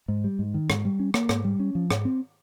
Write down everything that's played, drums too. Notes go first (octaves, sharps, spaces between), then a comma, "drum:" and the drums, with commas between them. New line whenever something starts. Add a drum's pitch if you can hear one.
G#2
G3
G#2
D#3
G#2, drum: rim click
G3
C#4
A#3, drum: rim click
G#2, drum: rim click
G3
C#4
F3
G#2, drum: rim click
C4